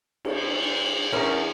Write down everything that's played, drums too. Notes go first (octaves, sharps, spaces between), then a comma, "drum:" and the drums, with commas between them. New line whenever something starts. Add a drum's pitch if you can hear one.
drum: cymbal
E2 C#4 A#4 C5